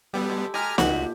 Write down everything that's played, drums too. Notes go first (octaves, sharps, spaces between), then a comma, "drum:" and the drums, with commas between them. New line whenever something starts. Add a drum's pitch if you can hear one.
G3 B3 G4 A4
G#3
G#3 G4 G#5 A#5 F6
C#2 A#2 F#4 G4, drum: snare